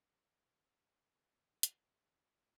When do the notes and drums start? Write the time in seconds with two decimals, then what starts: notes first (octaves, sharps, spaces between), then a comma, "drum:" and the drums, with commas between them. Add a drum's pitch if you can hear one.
0.07 D3 F3
1.63 drum: hi-hat